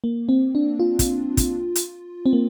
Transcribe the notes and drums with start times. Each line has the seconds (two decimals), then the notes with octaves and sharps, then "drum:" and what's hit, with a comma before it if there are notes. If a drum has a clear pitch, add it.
0.04 A#3
0.29 C4
0.55 D4
0.80 F4
0.99 drum: kick, hi-hat
1.37 drum: kick, hi-hat
1.75 drum: hi-hat
2.26 C4
2.33 A#3